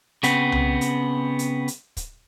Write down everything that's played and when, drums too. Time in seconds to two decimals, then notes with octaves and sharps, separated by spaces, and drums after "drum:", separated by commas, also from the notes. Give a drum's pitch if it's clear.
0.23 C#3 B3 C4, drum: hi-hat
0.52 drum: tom C2
0.81 drum: hi-hat
1.39 drum: hi-hat
1.68 drum: hi-hat
1.97 drum: kick, hi-hat